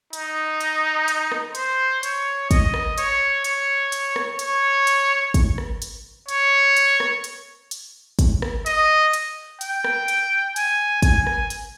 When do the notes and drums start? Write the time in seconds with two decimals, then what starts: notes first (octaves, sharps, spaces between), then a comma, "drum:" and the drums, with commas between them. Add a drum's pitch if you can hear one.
0.13 D#4, drum: hi-hat
0.61 drum: hi-hat
1.08 drum: hi-hat
1.32 drum: rim click
1.55 C5, drum: hi-hat
2.03 C#5, drum: hi-hat
2.51 D#5, drum: kick, hi-hat
2.74 drum: rim click
2.98 C#5, drum: hi-hat
3.44 C#5, drum: hi-hat
3.92 drum: hi-hat
4.16 drum: rim click
4.39 C#5, drum: hi-hat
4.87 drum: hi-hat
5.34 drum: kick, hi-hat
5.58 drum: rim click
5.82 drum: hi-hat
6.29 C#5, drum: hi-hat
6.77 drum: hi-hat
7.00 drum: rim click
7.24 drum: hi-hat
7.71 drum: hi-hat
8.19 drum: kick, hi-hat
8.42 drum: rim click
8.66 D#5, drum: hi-hat
9.13 drum: hi-hat
9.61 G5, drum: hi-hat
9.84 drum: rim click
10.08 drum: hi-hat
10.56 G#5, drum: hi-hat
11.02 G#5, drum: kick, hi-hat
11.27 drum: rim click
11.50 drum: hi-hat